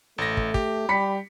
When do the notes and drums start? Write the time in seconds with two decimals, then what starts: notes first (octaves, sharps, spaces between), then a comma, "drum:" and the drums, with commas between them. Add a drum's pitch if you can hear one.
0.18 A1 A3 A#6
0.37 drum: kick
0.54 G4, drum: kick
0.89 G3 B5 B6 C#7